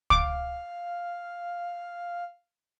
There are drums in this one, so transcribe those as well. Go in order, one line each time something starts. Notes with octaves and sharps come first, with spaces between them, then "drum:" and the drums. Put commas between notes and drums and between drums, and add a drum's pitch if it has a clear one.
F5 D6, drum: kick